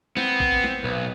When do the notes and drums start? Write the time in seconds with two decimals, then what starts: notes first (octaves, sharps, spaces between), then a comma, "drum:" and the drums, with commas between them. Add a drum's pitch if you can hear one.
0.17 B3 C4, drum: snare
0.40 drum: kick A1
0.64 drum: snare
0.84 B1 B4